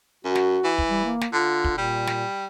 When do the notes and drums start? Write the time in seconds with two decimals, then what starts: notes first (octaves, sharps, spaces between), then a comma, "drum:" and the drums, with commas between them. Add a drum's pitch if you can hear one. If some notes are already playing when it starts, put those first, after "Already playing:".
0.25 F#2 F#4
0.35 drum: snare
0.64 E3
0.78 drum: kick
0.90 G3
1.05 A#3
1.21 drum: snare
1.33 D3 F4
1.64 drum: kick
1.78 A#2 G3
2.07 drum: snare